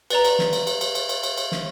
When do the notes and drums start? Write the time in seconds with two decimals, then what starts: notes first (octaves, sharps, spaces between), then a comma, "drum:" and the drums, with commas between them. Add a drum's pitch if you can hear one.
0.10 B4 D5 A#5, drum: cymbal
0.25 drum: cymbal
0.39 drum: snare
0.53 drum: cymbal
0.67 drum: cymbal
0.81 drum: cymbal
0.95 drum: cymbal
1.09 drum: cymbal
1.23 drum: cymbal
1.37 drum: cymbal
1.52 drum: snare